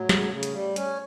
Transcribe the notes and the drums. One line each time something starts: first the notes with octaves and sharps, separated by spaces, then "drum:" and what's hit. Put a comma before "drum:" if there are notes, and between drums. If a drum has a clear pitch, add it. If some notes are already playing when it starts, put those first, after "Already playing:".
Already playing: A2 F#3
C#3, drum: snare
C#3
drum: hi-hat
G3
C#4, drum: hi-hat